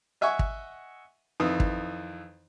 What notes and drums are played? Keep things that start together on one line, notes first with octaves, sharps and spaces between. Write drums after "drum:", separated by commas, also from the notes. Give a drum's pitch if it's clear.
D#5 E5 F#5 G#5 C#6
drum: kick
F2 D#3 E3 D#6
drum: kick